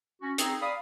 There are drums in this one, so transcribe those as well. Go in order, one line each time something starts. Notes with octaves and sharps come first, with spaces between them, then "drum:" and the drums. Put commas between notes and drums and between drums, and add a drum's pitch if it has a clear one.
C#4 F#4
C4 D#4 G#4, drum: hi-hat
D5 F5 B5 D#6